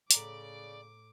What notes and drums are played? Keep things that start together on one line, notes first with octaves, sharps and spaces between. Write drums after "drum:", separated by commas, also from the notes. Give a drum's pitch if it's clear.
A2 C#3 D5 A#5 D6 B6, drum: hi-hat